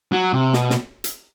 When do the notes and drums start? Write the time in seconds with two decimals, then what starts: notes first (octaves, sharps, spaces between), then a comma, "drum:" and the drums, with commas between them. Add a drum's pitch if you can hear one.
0.12 F#3
0.33 C3
0.53 B2, drum: snare
0.70 drum: snare
1.04 drum: hi-hat